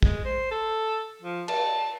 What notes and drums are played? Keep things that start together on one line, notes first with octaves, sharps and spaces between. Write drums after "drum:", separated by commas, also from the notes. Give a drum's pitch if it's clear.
G#3, drum: kick
C5
A4
F3
A5, drum: cymbal